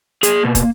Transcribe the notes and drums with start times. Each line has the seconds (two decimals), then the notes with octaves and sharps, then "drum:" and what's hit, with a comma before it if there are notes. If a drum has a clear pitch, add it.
0.23 A#3 G#4, drum: hi-hat
0.45 B2
0.55 drum: kick, hi-hat